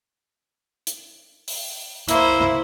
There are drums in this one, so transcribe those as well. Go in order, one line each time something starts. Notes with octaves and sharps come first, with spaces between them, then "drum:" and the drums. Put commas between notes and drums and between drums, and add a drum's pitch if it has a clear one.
drum: hi-hat
drum: open hi-hat
A#3 E4 C5, drum: hi-hat